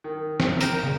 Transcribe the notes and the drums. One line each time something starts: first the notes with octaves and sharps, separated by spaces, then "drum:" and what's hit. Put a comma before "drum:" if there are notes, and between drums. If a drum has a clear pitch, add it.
D#3
drum: snare
A#4 G5, drum: hi-hat
C#3